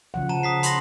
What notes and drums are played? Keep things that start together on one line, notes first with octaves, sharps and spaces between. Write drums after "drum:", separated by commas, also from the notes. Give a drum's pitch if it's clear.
C#3 F3 F#5
A5 A#5 E7
D#6 B6 C7
B5 C6 A#6, drum: hi-hat